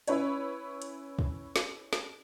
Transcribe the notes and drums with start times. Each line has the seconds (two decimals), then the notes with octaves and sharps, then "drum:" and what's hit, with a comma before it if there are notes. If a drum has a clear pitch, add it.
0.08 C#4 E4 B4 C#5, drum: hi-hat
0.82 drum: hi-hat
1.19 drum: kick
1.56 drum: snare
1.93 drum: snare